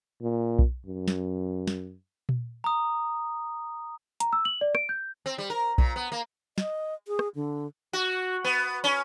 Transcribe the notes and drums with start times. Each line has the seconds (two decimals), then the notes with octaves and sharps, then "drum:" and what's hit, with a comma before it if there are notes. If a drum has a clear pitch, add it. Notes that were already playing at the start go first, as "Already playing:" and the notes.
0.22 A#2
0.59 drum: kick B1
0.86 F#2
1.08 drum: snare
1.67 drum: snare
2.29 drum: tom A#2
2.64 A#5 D#6
4.20 A#5, drum: hi-hat
4.33 E6
4.45 F#7
4.61 D5
4.75 D7, drum: rim click
4.89 G6
5.26 C4
5.38 G3
5.50 A#4
5.78 A#2, drum: kick B1
5.96 B3
6.12 A#3
6.58 D#5, drum: snare
7.08 G#4
7.19 drum: rim click
7.35 D3
7.93 F#4
8.44 B3
8.84 C#4